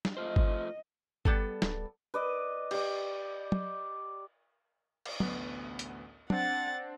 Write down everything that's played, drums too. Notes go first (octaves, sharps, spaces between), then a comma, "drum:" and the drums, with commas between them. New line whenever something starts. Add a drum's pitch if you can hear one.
drum: snare
A3 F4 C5 D#5
drum: kick G1
G3 B3 A4, drum: kick G1
D1, drum: snare
B4 D5 D#5
G4 D5, drum: cymbal
drum: tom
drum: cymbal
A1 D2 B3, drum: tom
drum: hi-hat
C4 D4 F#5 A6, drum: tom